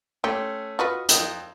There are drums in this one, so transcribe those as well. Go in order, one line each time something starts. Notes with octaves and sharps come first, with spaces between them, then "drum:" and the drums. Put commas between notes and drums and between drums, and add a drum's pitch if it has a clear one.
A3 C#4 G4 C6
F4 F#4 B4 D#5 C#6 F6
F2 G5 D#6, drum: hi-hat